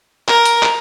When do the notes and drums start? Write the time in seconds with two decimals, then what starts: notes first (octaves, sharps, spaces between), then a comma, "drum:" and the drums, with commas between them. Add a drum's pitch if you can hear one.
0.28 A#4, drum: clap
0.45 drum: hi-hat
0.63 drum: clap